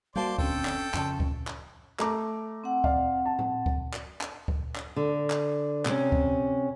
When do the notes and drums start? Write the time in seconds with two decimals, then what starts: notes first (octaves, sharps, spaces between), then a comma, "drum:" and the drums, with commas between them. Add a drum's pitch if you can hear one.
0.16 G3 A#3 F#4 C5 D5 F5 A5 C6
0.38 F1 D3 C4 C#4 A4 G5, drum: kick D2
0.65 drum: clap
0.94 F2 C#3 C#4 F4 A5, drum: clap
1.20 drum: kick D2
1.47 drum: clap
1.99 A3 A#5 D6, drum: clap
2.64 C4 F#5
2.84 D5 F5, drum: kick D2
3.26 A5
3.39 drum: tom A2
3.66 drum: kick D2
3.93 drum: clap
4.21 drum: clap
4.48 drum: kick D2
4.75 drum: clap
4.96 D3
5.30 drum: clap
5.85 C3 C#4, drum: clap
6.12 drum: kick D2